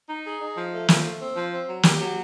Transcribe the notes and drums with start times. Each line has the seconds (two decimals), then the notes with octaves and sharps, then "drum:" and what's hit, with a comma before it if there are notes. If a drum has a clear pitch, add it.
0.09 D#4
0.25 G#4
0.41 D#4
0.56 F3
0.72 A3
0.88 F3, drum: snare
1.04 A3
1.20 C4
1.36 F3
1.52 C4
1.67 F#3
1.83 G4, drum: snare
1.99 F#3